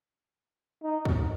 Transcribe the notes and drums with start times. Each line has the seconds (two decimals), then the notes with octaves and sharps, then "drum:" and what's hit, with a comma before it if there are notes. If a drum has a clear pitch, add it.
0.83 D#4
1.05 drum: kick